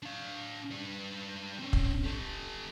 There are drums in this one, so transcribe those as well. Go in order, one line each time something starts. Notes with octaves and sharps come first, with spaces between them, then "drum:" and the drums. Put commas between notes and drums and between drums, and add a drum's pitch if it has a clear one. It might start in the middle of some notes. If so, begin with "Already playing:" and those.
D4 F5
G3 B4
C4 C#4
drum: kick
G3 A4